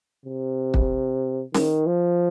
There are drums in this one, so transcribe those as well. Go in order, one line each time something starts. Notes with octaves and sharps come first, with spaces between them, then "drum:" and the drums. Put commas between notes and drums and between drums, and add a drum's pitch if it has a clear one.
C3
drum: kick
D#3, drum: snare C#4
F3